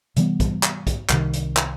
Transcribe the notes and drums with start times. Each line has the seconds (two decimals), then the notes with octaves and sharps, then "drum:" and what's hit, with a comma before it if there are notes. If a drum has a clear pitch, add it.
0.16 C3 E3 G3 B3, drum: hi-hat
0.40 drum: kick, hi-hat
0.63 drum: clap
0.87 drum: kick, hi-hat
1.09 C2 C3 D#3, drum: clap
1.33 drum: hi-hat
1.57 drum: clap